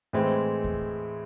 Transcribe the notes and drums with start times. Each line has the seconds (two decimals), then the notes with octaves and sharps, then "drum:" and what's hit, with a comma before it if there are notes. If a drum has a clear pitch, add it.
0.13 A2 E3 G#3 C4
0.64 drum: kick D#2